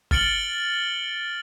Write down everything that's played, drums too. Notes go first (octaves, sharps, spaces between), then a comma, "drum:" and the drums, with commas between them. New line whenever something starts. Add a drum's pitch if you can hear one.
F6 A6 C#7 D7 F#7 G7, drum: kick G1